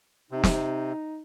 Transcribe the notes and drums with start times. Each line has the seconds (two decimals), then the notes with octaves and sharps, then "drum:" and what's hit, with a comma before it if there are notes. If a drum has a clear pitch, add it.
0.31 C3 D#4
0.44 drum: snare